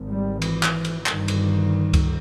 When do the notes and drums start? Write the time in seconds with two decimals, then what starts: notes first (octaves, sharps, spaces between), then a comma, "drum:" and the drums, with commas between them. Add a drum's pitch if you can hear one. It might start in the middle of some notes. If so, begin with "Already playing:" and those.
Already playing: G#1 G#2
0.09 G3
0.42 E3, drum: cymbal
0.63 drum: clap
0.85 drum: cymbal
1.06 G1 G2 D#3, drum: clap
1.28 drum: cymbal
1.93 drum: kick C#2, cymbal